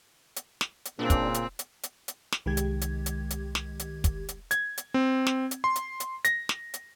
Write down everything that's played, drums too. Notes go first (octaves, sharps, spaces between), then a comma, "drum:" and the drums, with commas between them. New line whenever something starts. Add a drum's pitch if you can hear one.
drum: hi-hat
drum: snare
drum: hi-hat
A#2 C#3 C4 D4
drum: kick, hi-hat
drum: hi-hat
drum: hi-hat
drum: hi-hat
drum: hi-hat
drum: snare
C2 D#3 G#3 G4 G#6
drum: hi-hat
drum: hi-hat
drum: hi-hat
drum: hi-hat
drum: snare
drum: hi-hat
drum: kick, hi-hat
drum: hi-hat
G#6, drum: hi-hat
drum: hi-hat
C4
drum: snare
drum: hi-hat
C6
drum: hi-hat
drum: hi-hat
A#6, drum: hi-hat
drum: snare
drum: hi-hat